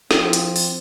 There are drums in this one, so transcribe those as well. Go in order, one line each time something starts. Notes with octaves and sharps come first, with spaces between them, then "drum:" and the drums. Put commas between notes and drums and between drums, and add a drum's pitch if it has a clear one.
F3 C4, drum: snare
drum: hi-hat
drum: open hi-hat